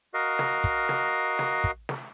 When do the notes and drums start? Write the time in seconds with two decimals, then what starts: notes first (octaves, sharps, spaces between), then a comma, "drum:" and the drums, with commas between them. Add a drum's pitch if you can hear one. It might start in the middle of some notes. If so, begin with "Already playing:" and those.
0.14 F#4 A#4 D#5 F5
0.39 drum: snare
0.64 drum: kick
0.89 drum: snare
1.39 drum: snare
1.64 drum: kick
1.89 drum: snare